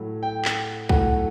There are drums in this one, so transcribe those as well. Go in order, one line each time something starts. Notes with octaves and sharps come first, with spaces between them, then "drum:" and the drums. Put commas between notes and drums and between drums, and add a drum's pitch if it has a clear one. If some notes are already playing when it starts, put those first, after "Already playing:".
Already playing: A2 F#3 A3
G5
drum: clap
A2 F#3 A3 F#5, drum: kick B1